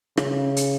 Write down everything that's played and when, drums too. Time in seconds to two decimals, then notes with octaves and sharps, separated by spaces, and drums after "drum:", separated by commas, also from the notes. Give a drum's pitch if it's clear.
0.17 C#3, drum: rim click
0.57 drum: hi-hat